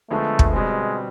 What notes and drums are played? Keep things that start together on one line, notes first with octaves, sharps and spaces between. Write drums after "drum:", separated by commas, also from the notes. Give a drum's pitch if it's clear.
D3 F3 G#3 A3 B3
drum: kick
B2 G3 G#3 C4